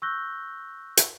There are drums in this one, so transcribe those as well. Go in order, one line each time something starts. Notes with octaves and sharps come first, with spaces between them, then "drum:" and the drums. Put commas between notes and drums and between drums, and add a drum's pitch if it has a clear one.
C#6 E6 F#6 G6 A#6 G7
drum: hi-hat